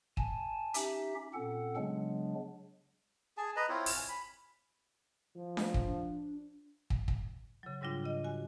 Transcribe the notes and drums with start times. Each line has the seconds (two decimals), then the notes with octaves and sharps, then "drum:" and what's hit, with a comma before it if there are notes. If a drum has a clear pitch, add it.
0.17 G#5 A5, drum: kick
0.74 C#4 D#4 G4 E5, drum: hi-hat
1.34 A#2 C4 C#4 A4 F#5
1.77 C#3 F#3 G#3 B3 D4
3.37 G#4 G#5 A5
3.56 B4 D#5 A#5
3.69 C4 E4 F4 C#5
3.86 drum: open hi-hat
3.96 G#5
4.09 B5
5.36 F3
5.57 drum: snare D4
5.74 drum: kick
5.86 D4
6.90 drum: kick
7.08 drum: kick
7.63 C#3 F#3
7.81 G#2 C#3 G3 D4 F4
8.04 C#3 D#5
8.24 F#4 G#5